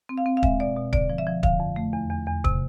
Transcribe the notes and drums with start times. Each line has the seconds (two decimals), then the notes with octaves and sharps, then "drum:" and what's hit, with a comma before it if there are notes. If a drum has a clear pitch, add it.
0.09 C4
0.18 F5
0.26 C4
0.37 F5
0.43 G#3 E5, drum: kick
0.60 B2 D5
0.76 B2
0.93 D3 D5, drum: kick
1.10 F3
1.18 E5
1.27 F3
1.43 D3 F5, drum: kick
1.60 F2
1.76 A3
1.93 E2
2.10 E2
2.26 E2
2.44 C3, drum: kick